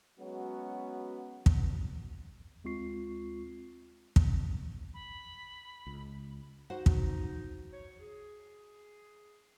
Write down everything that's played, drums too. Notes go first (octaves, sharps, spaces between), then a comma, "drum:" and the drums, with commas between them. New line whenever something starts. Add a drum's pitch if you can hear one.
F#3 G#3 B3 C#4 F#4
drum: kick
D2 G#3 C4 F4 C#6 C7
drum: kick
B5
C#2
D#4 F#4 C5 F#5
drum: kick
C#5
G#4